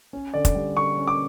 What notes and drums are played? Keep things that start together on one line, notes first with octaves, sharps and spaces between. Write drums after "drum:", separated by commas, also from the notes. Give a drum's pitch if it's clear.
C#4
D3 D5
drum: kick, hi-hat
G3
D3 C#6
C#4
D6